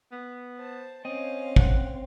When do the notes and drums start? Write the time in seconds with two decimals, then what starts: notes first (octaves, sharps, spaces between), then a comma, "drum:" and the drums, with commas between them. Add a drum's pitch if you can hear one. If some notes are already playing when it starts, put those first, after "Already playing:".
0.12 B3
0.57 C5 A5
1.05 C4 C#4 D#5 F5
1.56 F#5, drum: kick